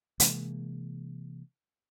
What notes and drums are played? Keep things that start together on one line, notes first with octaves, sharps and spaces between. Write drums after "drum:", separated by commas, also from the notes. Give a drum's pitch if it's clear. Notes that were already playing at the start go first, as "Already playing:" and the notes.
C3 E3 G#3 A#3, drum: hi-hat